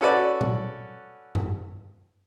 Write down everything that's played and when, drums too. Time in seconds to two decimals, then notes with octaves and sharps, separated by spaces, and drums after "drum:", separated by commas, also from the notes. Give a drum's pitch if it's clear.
0.01 C#4 F#4 A4 B4 D5
0.41 drum: tom A#2
1.35 drum: tom F#2